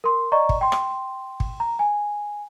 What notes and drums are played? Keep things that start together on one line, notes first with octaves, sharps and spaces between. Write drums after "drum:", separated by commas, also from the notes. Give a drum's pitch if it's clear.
A#4 C6
D5 D#5 A#5 C#6
drum: kick G#1
G5 C6
drum: rim click
drum: kick G#1
A#5
G#5